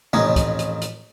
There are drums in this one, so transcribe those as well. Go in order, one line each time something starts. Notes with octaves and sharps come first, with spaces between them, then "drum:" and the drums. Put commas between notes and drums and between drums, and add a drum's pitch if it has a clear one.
A1 F2 C#4 D#4, drum: tom C3
drum: kick, hi-hat
drum: hi-hat
drum: hi-hat